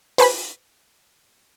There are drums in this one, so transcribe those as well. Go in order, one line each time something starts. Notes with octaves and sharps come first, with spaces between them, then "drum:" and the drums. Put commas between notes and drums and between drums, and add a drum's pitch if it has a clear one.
B4 C5 G#5 B5, drum: open hi-hat